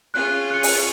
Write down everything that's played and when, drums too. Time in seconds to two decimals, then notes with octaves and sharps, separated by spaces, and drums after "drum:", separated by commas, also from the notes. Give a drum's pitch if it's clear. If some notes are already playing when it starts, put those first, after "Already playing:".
0.14 C#4 F4 G#4 F#6
0.50 F#6 C#7
0.63 drum: open hi-hat